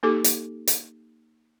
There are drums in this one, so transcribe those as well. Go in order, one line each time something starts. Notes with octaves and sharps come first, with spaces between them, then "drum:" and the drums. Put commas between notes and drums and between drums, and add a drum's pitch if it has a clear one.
A#3 D#4 G4 A4 D6
drum: hi-hat
drum: hi-hat